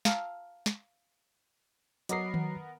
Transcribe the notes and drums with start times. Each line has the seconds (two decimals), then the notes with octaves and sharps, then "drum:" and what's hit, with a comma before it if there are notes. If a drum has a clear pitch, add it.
0.05 F5 A5 A#5 E6, drum: snare
0.66 drum: snare
2.09 F#3 B3 A#4 D#5 D6 D#6 C7, drum: hi-hat
2.34 drum: tom D#3